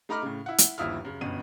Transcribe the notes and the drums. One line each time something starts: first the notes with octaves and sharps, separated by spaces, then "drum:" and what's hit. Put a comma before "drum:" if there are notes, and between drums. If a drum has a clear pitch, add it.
A3 D#4 A#5 B5 D6 F6
A2 C#3
E4 F#5
drum: hi-hat
G1 D#2 F3 E4 D#6 F6
F#2 C#3
G1 F#2 B2 D#7